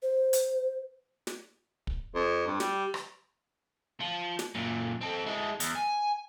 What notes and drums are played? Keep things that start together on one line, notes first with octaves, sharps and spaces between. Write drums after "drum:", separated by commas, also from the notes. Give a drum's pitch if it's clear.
C5
drum: hi-hat
drum: snare
drum: kick
F2
G2
G3, drum: snare
drum: rim click
F3
drum: snare
F#2 A#2
C4 A4
G#3 E4
E2, drum: hi-hat
G#5